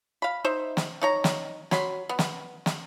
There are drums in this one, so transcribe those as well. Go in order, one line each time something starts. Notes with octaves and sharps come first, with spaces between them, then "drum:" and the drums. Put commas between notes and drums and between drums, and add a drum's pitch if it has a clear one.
F5 B5
D#4 C5 E5
drum: snare
D#4 C#5 A#5
drum: snare
F#3 B5 C6, drum: snare
B3
drum: snare
drum: snare